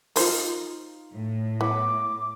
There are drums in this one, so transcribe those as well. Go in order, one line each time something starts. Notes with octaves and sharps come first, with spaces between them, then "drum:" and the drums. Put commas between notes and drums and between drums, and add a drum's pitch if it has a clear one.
D#4 F4 A#4 C5, drum: open hi-hat
A2
B3 E4 B4 C#5 D6